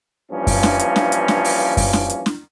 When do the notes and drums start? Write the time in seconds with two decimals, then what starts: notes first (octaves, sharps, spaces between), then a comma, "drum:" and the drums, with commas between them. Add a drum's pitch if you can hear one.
0.31 G2 E3 F3 A#3 C#4
0.47 drum: kick F#2, open hi-hat
0.63 drum: snare
0.79 drum: hi-hat
0.96 drum: snare
1.12 drum: hi-hat
1.28 drum: snare
1.44 drum: open hi-hat
1.77 drum: kick F#2, open hi-hat
1.93 drum: snare
2.10 drum: hi-hat
2.26 drum: snare